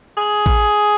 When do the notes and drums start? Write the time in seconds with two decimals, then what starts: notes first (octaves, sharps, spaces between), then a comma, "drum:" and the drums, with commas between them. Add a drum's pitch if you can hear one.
0.17 G#4
0.46 drum: kick A1